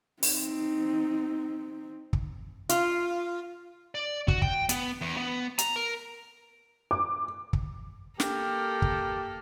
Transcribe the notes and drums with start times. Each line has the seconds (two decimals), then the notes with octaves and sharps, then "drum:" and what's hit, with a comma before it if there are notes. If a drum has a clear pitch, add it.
0.23 C4 D#4, drum: open hi-hat
2.13 drum: kick
2.69 F4, drum: hi-hat
3.95 D5
4.28 F#4, drum: kick
4.42 G5, drum: kick
4.69 B3, drum: hi-hat
5.01 E2
5.17 B3
5.59 A#5, drum: hi-hat
5.76 A#4
6.91 D6
7.53 drum: kick
8.20 A#3 G4 A4 A#4, drum: snare
8.82 drum: kick